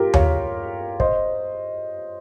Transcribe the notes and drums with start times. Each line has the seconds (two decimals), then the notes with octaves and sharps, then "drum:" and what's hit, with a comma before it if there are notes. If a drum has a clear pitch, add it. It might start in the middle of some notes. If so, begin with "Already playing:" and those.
Already playing: F4 G4 A#4
0.14 C#5 F5, drum: tom D#2
1.00 C5 D#5, drum: kick